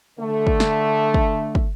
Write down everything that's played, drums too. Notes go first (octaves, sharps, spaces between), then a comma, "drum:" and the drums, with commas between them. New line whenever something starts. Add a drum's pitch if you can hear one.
D3 A3
drum: kick
drum: snare
drum: kick
drum: kick